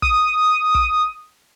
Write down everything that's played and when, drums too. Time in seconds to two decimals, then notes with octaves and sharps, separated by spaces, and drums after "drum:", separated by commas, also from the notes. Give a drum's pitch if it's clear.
0.02 D#6, drum: kick
0.75 drum: kick